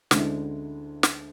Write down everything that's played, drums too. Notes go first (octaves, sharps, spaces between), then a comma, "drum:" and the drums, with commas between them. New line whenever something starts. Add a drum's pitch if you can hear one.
D2 D3 G#3 C#4 E4, drum: snare
drum: snare